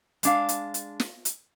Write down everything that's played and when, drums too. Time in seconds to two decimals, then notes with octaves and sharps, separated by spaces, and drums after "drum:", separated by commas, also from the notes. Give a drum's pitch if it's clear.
0.23 G#3 D4 F5, drum: hi-hat
0.49 drum: hi-hat
0.74 drum: hi-hat
1.00 drum: snare
1.25 drum: hi-hat